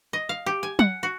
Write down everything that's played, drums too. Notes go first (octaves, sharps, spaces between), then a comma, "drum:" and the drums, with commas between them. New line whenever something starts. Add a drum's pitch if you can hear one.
D#5
F5
G4
G#5
F#5, drum: tom
F#4